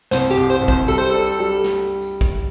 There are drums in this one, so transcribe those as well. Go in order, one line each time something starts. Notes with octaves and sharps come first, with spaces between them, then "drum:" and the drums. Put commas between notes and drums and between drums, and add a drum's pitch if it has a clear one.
C2 C5, drum: snare
G4
C2
C5, drum: tambourine
C2
C5, drum: kick
G3 A4, drum: tambourine
C5
D4 A4
drum: tambourine
G3
drum: snare
drum: tambourine
drum: kick